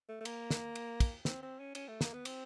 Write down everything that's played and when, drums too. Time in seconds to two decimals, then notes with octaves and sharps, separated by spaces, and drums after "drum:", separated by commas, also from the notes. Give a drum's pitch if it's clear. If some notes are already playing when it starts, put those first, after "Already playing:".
0.09 A3
0.20 A3
0.25 A#3, drum: cymbal
0.50 drum: snare
0.75 drum: cymbal
1.00 drum: kick, cymbal
1.25 C4, drum: snare
1.42 C4
1.59 C#4
1.75 C#4, drum: cymbal
1.88 A3
2.01 A#3, drum: snare
2.13 B3
2.25 C4, drum: cymbal